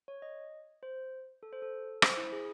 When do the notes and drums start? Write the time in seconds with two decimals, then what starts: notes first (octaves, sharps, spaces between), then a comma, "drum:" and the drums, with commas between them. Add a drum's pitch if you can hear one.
0.08 C#5
0.22 D#5
0.83 C5
1.43 A4
1.52 C5
1.62 A4
2.02 C5, drum: rim click
2.17 E4
2.32 G#4